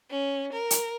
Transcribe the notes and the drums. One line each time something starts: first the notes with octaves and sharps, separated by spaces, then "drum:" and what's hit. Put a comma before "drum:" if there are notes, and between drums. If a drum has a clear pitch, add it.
C#4
A#4
drum: hi-hat